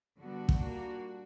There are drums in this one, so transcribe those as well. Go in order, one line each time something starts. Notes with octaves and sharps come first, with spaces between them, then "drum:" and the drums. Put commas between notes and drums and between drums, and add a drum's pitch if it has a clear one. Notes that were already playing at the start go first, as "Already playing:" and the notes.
D3 G3 B3 D4 F#4
drum: kick
A#2 G3 A#3